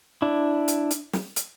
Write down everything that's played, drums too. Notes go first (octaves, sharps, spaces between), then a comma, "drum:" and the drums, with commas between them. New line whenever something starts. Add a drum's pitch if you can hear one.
D4 E4
drum: hi-hat
drum: hi-hat
drum: snare
drum: hi-hat